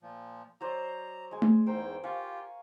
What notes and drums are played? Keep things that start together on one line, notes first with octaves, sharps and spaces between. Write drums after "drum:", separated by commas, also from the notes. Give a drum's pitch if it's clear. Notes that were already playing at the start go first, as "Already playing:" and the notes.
A#2 F3
F#3 C5 D5 A#5
G#3 G#5
drum: tom A3
E2 G#2 A#4 C5 G5 A#5
F4 G4 F5 G#5 C#6